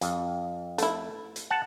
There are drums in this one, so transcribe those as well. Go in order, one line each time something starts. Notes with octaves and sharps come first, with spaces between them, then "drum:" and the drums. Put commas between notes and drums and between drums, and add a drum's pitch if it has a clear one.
F2, drum: hi-hat
A3 E4, drum: hi-hat
drum: hi-hat
F#5 A5